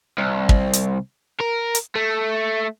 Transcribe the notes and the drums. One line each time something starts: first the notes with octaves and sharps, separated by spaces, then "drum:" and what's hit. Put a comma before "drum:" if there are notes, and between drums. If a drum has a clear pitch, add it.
C2
drum: kick
drum: hi-hat
A#4
drum: hi-hat
A3